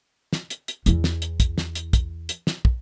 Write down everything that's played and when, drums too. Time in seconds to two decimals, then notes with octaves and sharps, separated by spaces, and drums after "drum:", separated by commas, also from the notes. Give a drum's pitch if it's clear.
0.33 drum: snare
0.50 drum: hi-hat
0.68 drum: hi-hat
0.86 E2 E3, drum: hi-hat
1.04 drum: snare
1.22 drum: hi-hat
1.40 drum: kick, hi-hat
1.58 drum: snare
1.75 drum: hi-hat
1.93 drum: kick, hi-hat
2.29 drum: hi-hat
2.47 drum: snare
2.65 drum: kick